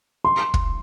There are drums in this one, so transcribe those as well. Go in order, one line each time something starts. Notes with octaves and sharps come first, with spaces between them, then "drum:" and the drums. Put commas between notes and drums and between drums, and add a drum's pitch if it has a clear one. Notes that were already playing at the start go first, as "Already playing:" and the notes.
C6
drum: kick